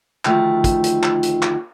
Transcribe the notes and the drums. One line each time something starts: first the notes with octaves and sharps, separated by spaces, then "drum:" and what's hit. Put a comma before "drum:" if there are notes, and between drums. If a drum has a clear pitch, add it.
D2 D#3 F3 A3, drum: clap
drum: kick, hi-hat
drum: hi-hat
drum: clap
drum: hi-hat
drum: clap